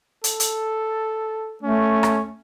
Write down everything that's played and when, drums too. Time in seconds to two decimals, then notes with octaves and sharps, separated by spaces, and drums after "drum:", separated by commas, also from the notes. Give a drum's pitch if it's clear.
0.24 A4, drum: hi-hat
0.40 drum: hi-hat
1.63 A3 C#4
2.03 drum: rim click